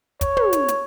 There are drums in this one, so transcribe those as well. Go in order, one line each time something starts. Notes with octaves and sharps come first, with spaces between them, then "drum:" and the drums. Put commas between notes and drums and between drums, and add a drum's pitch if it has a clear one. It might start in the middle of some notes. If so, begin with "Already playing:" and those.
C#5, drum: kick, hi-hat
drum: tom
drum: hi-hat
drum: hi-hat